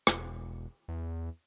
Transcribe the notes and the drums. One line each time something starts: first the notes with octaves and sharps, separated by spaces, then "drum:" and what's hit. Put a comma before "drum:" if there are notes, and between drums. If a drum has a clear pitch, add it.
E1, drum: rim click
E2